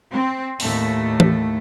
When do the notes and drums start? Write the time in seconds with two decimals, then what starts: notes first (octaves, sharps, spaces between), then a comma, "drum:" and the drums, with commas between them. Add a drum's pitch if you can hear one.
0.11 C4
0.60 D#2 A2 A3, drum: open hi-hat
1.20 drum: tom E3